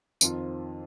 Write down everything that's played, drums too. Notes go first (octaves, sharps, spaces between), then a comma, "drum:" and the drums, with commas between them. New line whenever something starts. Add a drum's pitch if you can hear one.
F2 D#3 C4 F4, drum: tambourine